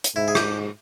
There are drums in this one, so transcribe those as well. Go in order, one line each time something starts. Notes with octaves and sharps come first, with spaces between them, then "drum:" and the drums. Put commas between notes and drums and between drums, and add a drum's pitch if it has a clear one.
drum: hi-hat
G#2 E4
G#4
G4, drum: rim click